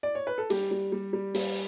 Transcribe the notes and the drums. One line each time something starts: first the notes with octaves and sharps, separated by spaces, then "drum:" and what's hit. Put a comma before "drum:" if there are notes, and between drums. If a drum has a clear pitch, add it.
D5
C#5
B4
A4
G3 G4, drum: hi-hat
G3
G3
G3
G3, drum: open hi-hat